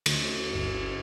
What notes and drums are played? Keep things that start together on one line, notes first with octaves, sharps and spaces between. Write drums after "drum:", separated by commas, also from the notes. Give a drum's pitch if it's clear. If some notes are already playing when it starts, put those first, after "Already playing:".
D2, drum: cymbal
G1